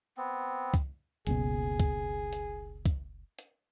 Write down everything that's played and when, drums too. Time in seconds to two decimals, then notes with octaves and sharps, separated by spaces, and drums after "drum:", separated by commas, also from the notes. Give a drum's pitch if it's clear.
0.17 B3 C4
0.74 drum: kick, hi-hat
1.27 F#1 C#2 B2 G#4, drum: hi-hat
1.80 drum: kick, hi-hat
2.33 drum: hi-hat
2.86 drum: kick, hi-hat
3.39 drum: hi-hat